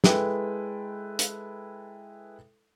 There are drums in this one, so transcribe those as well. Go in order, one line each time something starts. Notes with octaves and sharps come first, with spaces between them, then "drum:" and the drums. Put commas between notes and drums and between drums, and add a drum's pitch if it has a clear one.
G#3 E4 A4 B4 G5, drum: snare
drum: hi-hat